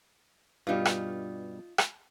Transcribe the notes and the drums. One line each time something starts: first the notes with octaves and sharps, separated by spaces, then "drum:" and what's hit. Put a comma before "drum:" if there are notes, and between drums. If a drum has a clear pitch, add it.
G2 B2 G3 D#4 F4
drum: rim click
drum: rim click